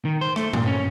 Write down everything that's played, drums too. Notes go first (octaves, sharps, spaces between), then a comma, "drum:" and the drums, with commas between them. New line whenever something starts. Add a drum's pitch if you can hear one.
D#3
C5
A3, drum: rim click
A#2, drum: tom G2
C#4